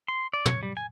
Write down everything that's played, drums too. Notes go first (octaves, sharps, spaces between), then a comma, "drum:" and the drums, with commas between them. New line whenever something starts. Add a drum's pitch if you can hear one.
C6
D5
C#5, drum: tom
G3
G#5